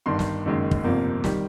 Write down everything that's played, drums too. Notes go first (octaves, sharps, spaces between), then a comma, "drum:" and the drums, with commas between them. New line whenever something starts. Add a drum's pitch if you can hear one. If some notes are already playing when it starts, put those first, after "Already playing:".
G1 G2 D#3 C6
drum: snare
F#1 F#2 D#3 G#3
drum: kick
G1 F2 C3 F3 A#3
D#3 G3, drum: snare